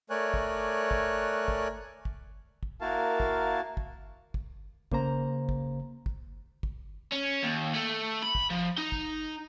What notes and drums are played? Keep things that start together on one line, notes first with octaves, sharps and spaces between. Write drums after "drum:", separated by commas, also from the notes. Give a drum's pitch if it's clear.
A3 A#4 C#5 D5 G#5 F#6
drum: kick
drum: kick
drum: kick
drum: kick
drum: kick
A#3 E4 F#4 A#4 F5 A5
drum: kick
drum: kick
drum: kick
C#3 A#3 C5 A#5, drum: kick
drum: kick
drum: kick
drum: kick
C#4
D#2
A3
B5
drum: kick
F3
D#4
drum: kick